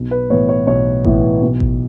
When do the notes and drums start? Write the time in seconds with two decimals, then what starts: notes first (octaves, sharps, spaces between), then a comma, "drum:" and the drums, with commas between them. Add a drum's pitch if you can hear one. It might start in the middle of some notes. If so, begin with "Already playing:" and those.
Already playing: B1
0.11 B4
0.30 A2 E3 B3 C#5
0.49 C#5
0.67 B1 C#5
1.05 A2 E3 B3, drum: kick A1
1.42 B1
1.60 drum: kick A1